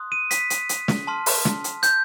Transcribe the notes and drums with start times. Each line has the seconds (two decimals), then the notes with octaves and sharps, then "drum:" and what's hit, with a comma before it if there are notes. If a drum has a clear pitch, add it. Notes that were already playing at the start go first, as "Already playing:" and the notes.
Already playing: C6 D#6 F#6
0.12 D#7
0.31 B6, drum: hi-hat
0.50 drum: hi-hat
0.69 drum: hi-hat
0.88 drum: snare
1.07 A5 C6 F6
1.26 drum: open hi-hat
1.45 drum: snare
1.64 drum: hi-hat
1.83 G6, drum: hi-hat